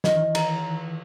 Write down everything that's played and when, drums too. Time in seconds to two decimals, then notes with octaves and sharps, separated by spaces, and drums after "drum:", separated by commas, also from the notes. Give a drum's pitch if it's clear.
0.04 E3 D#5, drum: snare
0.13 D#3
0.22 E3
0.35 A#5, drum: cymbal